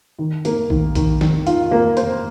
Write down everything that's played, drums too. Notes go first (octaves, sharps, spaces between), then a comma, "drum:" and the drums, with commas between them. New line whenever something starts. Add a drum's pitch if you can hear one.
D#3
A#3, drum: hi-hat
D#3, drum: kick A#1
D#3, drum: kick A#1, hi-hat
D#3, drum: snare
F4, drum: hi-hat
A#3
C5, drum: hi-hat